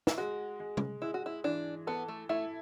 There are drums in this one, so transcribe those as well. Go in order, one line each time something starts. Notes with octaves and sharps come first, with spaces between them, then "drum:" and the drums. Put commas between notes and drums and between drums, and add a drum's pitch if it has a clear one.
E4, drum: snare
G#3 F#4
G#3
drum: tom
G#3 E4
F#4
E4
E3 D4
B3 A4
A3
A3 E4